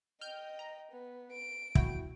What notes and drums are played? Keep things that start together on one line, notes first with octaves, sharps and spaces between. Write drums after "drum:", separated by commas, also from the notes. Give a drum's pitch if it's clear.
D#5 G5 F6 G6
A#5
B3
D7
E4 F#4 G5, drum: kick